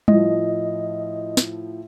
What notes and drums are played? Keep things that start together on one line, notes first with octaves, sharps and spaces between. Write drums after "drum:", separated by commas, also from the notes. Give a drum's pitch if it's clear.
A2 F3 D#5, drum: tom G3
drum: snare